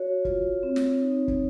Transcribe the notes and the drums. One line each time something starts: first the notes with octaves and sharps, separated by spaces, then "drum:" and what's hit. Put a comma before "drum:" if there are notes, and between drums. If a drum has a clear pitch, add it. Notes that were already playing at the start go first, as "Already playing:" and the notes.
Already playing: F#4 C#5
F4, drum: kick
C4
drum: snare
D#4
drum: kick